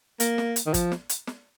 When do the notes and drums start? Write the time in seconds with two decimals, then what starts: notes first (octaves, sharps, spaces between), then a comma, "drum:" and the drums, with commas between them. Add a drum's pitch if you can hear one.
0.20 A#3, drum: hi-hat
0.38 drum: snare
0.56 drum: hi-hat
0.66 D#3
0.74 F3, drum: kick, hi-hat
0.92 drum: snare
1.09 drum: hi-hat
1.27 drum: snare